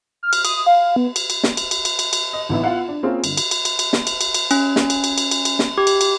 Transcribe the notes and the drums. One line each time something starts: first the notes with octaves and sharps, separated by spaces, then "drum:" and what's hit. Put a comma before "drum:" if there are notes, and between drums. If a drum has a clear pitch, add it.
F6
drum: cymbal
D#6, drum: cymbal
F5
B3
drum: cymbal
drum: cymbal
drum: snare
drum: cymbal
drum: cymbal
drum: cymbal
drum: cymbal
drum: cymbal
D#5
A1 A2 B3 D#4 E5
B3 E4 F4 F5 F#5
D4
A#3 C4 C#4 E4 F4 G#4
G1, drum: cymbal
drum: cymbal
drum: cymbal
drum: cymbal
drum: cymbal
drum: snare
drum: cymbal
drum: cymbal
drum: cymbal
C#4, drum: cymbal
drum: snare
drum: cymbal
drum: cymbal
drum: cymbal
drum: cymbal
drum: cymbal
drum: snare
G4
drum: cymbal
drum: cymbal